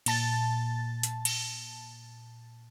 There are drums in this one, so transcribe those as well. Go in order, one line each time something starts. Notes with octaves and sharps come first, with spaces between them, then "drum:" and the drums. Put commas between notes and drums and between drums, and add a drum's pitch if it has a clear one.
A#2 A5 A6, drum: cymbal
drum: hi-hat
drum: cymbal